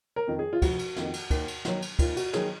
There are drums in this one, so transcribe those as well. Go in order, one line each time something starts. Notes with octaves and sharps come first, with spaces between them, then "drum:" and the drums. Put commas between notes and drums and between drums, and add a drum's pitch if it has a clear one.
A#4
F2 D#3
G#4
F4
F1 F#4, drum: kick, cymbal
drum: cymbal
F2 D#3, drum: snare
drum: cymbal
D#2, drum: kick, cymbal
drum: cymbal
D#3 F#3, drum: snare
drum: cymbal
D#2 F4, drum: kick, cymbal
F#4, drum: cymbal
D#3 F#3 G#4, drum: snare